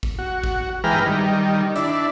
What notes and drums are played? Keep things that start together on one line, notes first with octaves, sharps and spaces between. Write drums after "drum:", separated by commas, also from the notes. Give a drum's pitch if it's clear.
drum: kick G#1
F#4
drum: kick G#1
E3 G#3 B4 G5 A#5 F6
drum: tom G2
D#3 G3
D4 E4, drum: hi-hat